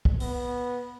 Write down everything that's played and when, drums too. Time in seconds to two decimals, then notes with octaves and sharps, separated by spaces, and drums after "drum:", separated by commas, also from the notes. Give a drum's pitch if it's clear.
0.05 drum: kick
0.20 B3, drum: open hi-hat